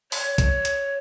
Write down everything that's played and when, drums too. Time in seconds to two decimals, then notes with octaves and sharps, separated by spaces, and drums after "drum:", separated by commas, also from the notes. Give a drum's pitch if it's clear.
0.12 C#5, drum: open hi-hat
0.38 drum: kick, hi-hat
0.65 drum: hi-hat